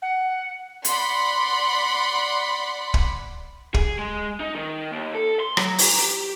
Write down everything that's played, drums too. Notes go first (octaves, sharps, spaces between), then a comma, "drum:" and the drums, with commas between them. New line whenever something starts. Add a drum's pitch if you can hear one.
F#5
D5 F#5 B5 C6, drum: hi-hat
drum: kick
G#4, drum: kick
G#3
D#4
D#3
D#2
A4
C6
F#3, drum: rim click
A#5, drum: open hi-hat
G4